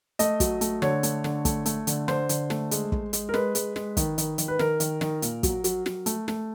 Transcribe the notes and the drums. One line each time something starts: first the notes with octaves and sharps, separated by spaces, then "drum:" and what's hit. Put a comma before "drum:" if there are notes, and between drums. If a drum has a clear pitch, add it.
A3 D#5, drum: hi-hat
F#3, drum: kick, hi-hat
A3, drum: hi-hat
D3 C#5, drum: snare
A3, drum: hi-hat
D3, drum: snare
A3, drum: kick, hi-hat
A3, drum: hi-hat
D3, drum: hi-hat
D3 C5, drum: snare
D3, drum: hi-hat
A3, drum: snare
G#3, drum: hi-hat
G#3, drum: kick
G#3, drum: hi-hat
A#4
G#3 B4, drum: snare
G#3, drum: hi-hat
G#3, drum: snare
D#3, drum: kick, hi-hat
D#3, drum: hi-hat
D#3, drum: hi-hat
B4
D#3 A#4, drum: snare
D#3, drum: hi-hat
D#3, drum: snare
A#2, drum: hi-hat
F#3, drum: kick, hi-hat
F#3, drum: hi-hat
F#3, drum: snare
A3, drum: hi-hat
A3, drum: snare